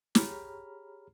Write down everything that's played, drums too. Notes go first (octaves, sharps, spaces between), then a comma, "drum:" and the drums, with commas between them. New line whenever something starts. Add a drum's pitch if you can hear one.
G4 G#4 C#5 A#5 B5 F6, drum: snare